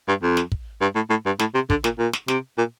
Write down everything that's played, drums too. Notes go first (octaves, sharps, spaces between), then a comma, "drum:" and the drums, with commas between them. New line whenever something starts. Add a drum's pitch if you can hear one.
G2
F2
drum: snare
drum: kick
G2
A2
A2
G2
A2, drum: snare
C3
D3, drum: kick
A#2, drum: snare
A#2
drum: snare
C3, drum: snare
A#2